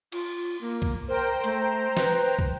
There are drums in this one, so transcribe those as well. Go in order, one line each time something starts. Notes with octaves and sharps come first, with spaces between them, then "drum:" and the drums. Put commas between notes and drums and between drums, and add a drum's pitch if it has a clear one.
F4, drum: cymbal
A#3
drum: kick
A#4 C5 G5 A#5
drum: tambourine
A3, drum: hi-hat
B4, drum: snare
drum: kick